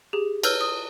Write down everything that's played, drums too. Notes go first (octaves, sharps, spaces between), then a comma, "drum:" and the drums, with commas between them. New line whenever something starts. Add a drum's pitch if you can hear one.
G4 G#4
B4 C#5 E6 F6 G6, drum: cymbal
D#6